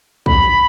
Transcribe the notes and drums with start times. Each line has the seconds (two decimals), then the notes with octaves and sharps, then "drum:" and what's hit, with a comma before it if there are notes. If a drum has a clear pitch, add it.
0.26 B5, drum: kick